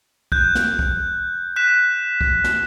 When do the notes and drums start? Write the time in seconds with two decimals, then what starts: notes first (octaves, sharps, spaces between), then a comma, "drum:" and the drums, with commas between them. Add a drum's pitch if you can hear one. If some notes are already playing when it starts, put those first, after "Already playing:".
0.32 F#6 G6, drum: kick
0.55 drum: snare
0.79 drum: kick
1.56 F#6 B6 E7
2.21 drum: kick
2.44 drum: snare